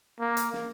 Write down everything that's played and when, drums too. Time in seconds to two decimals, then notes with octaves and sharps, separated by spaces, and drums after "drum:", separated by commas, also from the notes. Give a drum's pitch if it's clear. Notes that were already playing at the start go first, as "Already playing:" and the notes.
0.20 A#3
0.37 drum: hi-hat
0.53 drum: snare